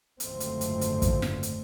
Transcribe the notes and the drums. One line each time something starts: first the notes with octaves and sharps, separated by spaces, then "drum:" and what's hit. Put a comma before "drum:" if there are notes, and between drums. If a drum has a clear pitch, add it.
F#1 D2 G#2 F3 A3 C4, drum: hi-hat
drum: hi-hat
drum: hi-hat
drum: hi-hat
drum: kick, hi-hat
drum: snare
drum: hi-hat